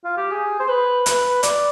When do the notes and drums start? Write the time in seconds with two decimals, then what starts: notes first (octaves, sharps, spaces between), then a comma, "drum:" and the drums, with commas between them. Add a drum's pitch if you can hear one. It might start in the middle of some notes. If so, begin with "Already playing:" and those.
0.04 F4
0.17 G4
0.31 G#4
0.60 C5
0.69 B4
1.06 B4, drum: hi-hat
1.43 D5, drum: hi-hat